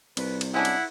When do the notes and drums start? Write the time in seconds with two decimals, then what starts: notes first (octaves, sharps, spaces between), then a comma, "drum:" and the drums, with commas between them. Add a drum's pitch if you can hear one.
0.17 C2 B4, drum: cymbal
0.41 drum: cymbal
0.54 G#3 C#4 D4 E4 F#5
0.65 drum: cymbal